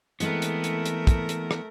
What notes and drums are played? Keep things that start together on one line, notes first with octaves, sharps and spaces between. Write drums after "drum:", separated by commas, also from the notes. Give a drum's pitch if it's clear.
E3 G#3 A3 B3 C4 A#4, drum: hi-hat
drum: hi-hat
drum: hi-hat
drum: hi-hat
drum: kick, hi-hat
drum: hi-hat
drum: rim click